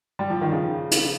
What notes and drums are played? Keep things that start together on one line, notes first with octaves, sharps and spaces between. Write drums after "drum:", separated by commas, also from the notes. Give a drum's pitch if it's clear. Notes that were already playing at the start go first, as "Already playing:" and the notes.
G3
F3
D#3
C#3 F3
drum: hi-hat